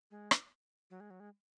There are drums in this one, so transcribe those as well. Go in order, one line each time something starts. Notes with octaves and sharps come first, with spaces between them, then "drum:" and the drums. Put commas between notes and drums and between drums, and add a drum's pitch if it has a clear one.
G#3
drum: rim click
F#3
G#3
F#3
G#3